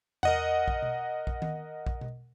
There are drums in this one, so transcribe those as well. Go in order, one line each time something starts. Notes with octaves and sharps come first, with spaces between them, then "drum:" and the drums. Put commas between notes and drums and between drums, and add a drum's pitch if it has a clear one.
A#4 D#5 F#5, drum: tom E2
drum: kick A#1
drum: tom B2
drum: kick A#1
drum: tom D#3
drum: kick A#1
drum: tom B2